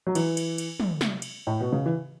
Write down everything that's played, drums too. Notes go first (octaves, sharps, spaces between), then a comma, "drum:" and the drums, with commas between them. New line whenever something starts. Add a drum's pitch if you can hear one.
F#3
E3, drum: cymbal
drum: cymbal
drum: cymbal
drum: tom
drum: snare
drum: cymbal
A2
B2
C#3
E3